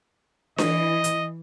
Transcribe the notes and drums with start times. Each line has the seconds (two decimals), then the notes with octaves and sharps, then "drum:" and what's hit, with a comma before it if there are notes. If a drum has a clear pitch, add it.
0.58 E3 D#5, drum: snare D4
1.04 drum: hi-hat